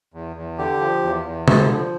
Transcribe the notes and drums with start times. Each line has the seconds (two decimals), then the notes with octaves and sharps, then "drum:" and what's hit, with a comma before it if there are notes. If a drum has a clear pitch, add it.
0.14 E2
0.36 E2
0.58 D3 G4
0.81 F3
1.03 E2
1.25 E2
1.48 D3, drum: tom C3
1.70 F3